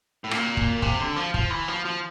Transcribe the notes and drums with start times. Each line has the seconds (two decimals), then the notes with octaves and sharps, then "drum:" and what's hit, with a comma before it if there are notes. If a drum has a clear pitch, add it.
0.24 A2
0.31 A#2, drum: rim click
0.57 drum: kick
0.82 C3, drum: kick
1.00 D3
1.16 F3
1.34 F3, drum: kick
1.50 E3
1.68 F3
1.85 F3